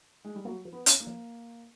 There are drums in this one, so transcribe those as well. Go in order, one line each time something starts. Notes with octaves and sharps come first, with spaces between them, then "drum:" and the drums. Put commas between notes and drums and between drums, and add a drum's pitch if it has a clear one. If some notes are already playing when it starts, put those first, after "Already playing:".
G#3
G3
F#3 A#3
F3
B3
C#4, drum: hi-hat
A#3
F3